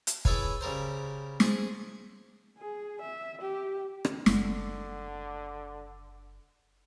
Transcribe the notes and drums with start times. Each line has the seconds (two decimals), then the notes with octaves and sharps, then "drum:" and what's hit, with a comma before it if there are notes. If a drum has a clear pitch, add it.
0.07 drum: hi-hat
0.25 E4 G#4 A4 B4 C#5 G#5, drum: kick
0.61 C#3 G3 A#4 C5
1.40 G#4 C5 G#5 A5, drum: snare
2.58 G#4
3.01 E5
3.41 G4
4.05 drum: rim click
4.26 F#1 D3, drum: snare